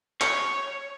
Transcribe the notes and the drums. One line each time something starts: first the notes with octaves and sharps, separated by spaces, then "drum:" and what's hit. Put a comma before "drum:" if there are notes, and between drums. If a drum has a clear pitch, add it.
C#5, drum: clap